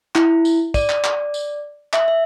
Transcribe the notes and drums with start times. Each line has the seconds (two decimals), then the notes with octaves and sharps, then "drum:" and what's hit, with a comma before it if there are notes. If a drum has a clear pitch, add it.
0.15 E4, drum: clap
0.45 drum: tambourine
0.74 D5, drum: kick, tambourine
0.89 drum: clap
1.04 drum: clap
1.34 drum: tambourine
1.93 E5, drum: clap
2.08 E5